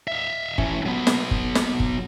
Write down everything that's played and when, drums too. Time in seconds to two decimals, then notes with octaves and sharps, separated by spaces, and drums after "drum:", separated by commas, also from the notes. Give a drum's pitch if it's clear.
0.08 E5 F5
0.58 E3 C#4, drum: kick F#1
0.86 F#3 B3
1.07 drum: snare
1.31 drum: kick F#1
1.55 drum: snare
1.80 drum: kick F#1